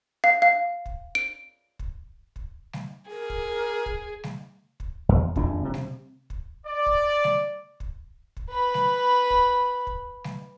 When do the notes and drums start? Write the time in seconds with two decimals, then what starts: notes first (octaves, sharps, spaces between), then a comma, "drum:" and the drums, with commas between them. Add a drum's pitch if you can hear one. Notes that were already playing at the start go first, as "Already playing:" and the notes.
0.24 F5
0.42 F5
0.86 drum: kick
1.15 D7
1.79 drum: kick
2.36 drum: kick
2.73 drum: snare G3
3.11 G#4 A#4
3.30 drum: kick
3.86 drum: kick
4.24 drum: snare G3
4.80 drum: kick
5.09 E2
5.36 D#1 F2 G#2 D4, drum: kick
5.64 C3
5.74 drum: snare G3
6.30 drum: kick
6.67 D5
6.86 drum: kick
7.24 drum: snare G3
7.80 drum: kick
8.37 drum: kick
8.50 B4 B5
8.74 drum: snare G3
9.30 drum: kick
9.87 drum: kick
10.24 drum: snare G3